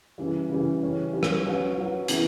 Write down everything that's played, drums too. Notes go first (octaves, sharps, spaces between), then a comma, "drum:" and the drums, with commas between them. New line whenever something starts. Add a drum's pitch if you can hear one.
C#3 E3 G3
C#3 E3 G3
E3 G3 C#4 G4
E3 G3 C#4 G4
drum: rim click
F#3 C#4 F#4 B4
F#3 C#4 F#4 B4
C#3 E3 B3 E4, drum: hi-hat